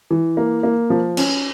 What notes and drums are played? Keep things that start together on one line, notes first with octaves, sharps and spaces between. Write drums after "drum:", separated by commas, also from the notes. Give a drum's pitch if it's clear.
E3
A#3
A#3
F3
C#4, drum: cymbal